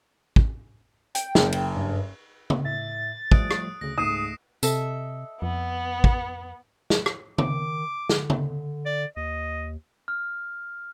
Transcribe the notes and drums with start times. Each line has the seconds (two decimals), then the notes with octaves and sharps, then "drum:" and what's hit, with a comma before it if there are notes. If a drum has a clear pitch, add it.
0.36 drum: kick
1.15 G5, drum: hi-hat
1.35 F#1, drum: snare
1.52 drum: cymbal
1.76 G2
2.50 drum: tom C#3
2.65 A2 E5 A6
3.32 F3 G3 A3 D#6 F#6 D7, drum: kick
3.51 drum: rim click
3.81 D2 C#3 A#6
3.98 C#2 G#2 A3 D#6 C7 D#7 E7
4.63 C3 A4 D#5 E5, drum: tambourine
5.42 F2 B3
6.04 drum: kick
6.90 drum: snare
7.06 drum: rim click
7.38 D#3 D6, drum: tom C#3
8.09 D3, drum: snare
8.30 drum: tom C#3
8.86 D5
9.17 D#2 D#5
10.08 F6